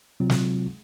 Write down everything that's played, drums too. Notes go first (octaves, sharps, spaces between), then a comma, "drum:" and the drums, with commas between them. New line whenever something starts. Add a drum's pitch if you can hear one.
C3 F#3 C4 F4
drum: snare